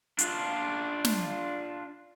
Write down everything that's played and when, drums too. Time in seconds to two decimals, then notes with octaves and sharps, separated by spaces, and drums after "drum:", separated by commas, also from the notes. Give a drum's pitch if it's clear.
0.19 D4 F4, drum: hi-hat
1.05 drum: snare